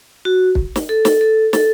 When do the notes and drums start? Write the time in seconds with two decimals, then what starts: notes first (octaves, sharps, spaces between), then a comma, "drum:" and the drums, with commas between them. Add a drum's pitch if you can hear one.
0.25 F#4
0.55 drum: kick
0.76 drum: snare
0.89 A4
1.05 A4, drum: snare
1.21 A4
1.53 A4, drum: snare